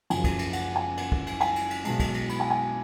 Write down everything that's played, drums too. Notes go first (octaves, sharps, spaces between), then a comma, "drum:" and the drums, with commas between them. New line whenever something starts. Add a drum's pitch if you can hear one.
F#1 F#2 C#3 F3 G#5, drum: cymbal
drum: kick, cymbal
drum: cymbal
F#5, drum: cymbal
G#5
F#5, drum: cymbal
drum: kick
drum: cymbal
G#5, drum: cymbal
drum: cymbal
drum: cymbal
B1 B2 G#3 A5, drum: cymbal
drum: kick, cymbal
drum: cymbal
B5, drum: cymbal
G#5
G#5